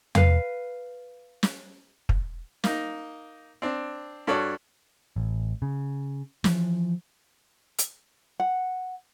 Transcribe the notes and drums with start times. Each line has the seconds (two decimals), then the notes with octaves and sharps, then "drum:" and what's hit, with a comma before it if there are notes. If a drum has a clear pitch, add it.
0.15 B4 F5, drum: tom E2
1.43 drum: snare
2.09 drum: kick
2.64 A#3 D#4, drum: snare
3.62 C4 D4
4.27 G2 F#4 A4 C#5 D5
5.16 A1
5.62 C#3
6.44 E3 F3, drum: snare
7.78 drum: hi-hat
8.40 F#5